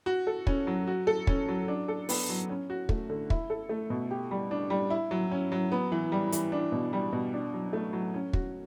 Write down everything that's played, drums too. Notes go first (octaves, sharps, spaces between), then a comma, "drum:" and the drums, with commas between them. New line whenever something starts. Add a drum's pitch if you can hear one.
F#4
A4
C#4, drum: kick
F#3
F#4
A4
C#4, drum: kick
F#3
D4
A4
B3, drum: open hi-hat
F#3
C#4
F#4
A3, drum: kick
D3
E4, drum: kick
A4
A3
B2
G4
G3
D4
G3
E4
F#3
C#4
F#3
B3
E3
G3
E3, drum: hi-hat
D4
B2
G3
B2
D4
F#3
A3
F#3
C#4
F#4, drum: kick